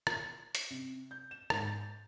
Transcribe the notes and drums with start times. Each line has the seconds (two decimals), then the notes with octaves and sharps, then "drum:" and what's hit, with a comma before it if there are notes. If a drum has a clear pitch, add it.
0.07 drum: rim click
0.55 drum: hi-hat
0.70 C3
1.11 G6
1.31 E7
1.50 G#2, drum: rim click
1.67 A6